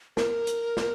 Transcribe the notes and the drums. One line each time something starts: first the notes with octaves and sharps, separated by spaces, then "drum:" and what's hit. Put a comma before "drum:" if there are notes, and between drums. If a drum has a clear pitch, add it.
A#4, drum: snare
drum: hi-hat
drum: snare